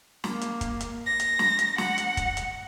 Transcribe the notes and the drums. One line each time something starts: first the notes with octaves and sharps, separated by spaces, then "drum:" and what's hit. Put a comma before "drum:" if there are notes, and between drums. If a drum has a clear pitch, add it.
A#3, drum: snare
drum: hi-hat
drum: kick, hi-hat
drum: hi-hat
A#6
drum: hi-hat
drum: snare
drum: hi-hat
F#5, drum: snare
drum: hi-hat
drum: kick, hi-hat
drum: hi-hat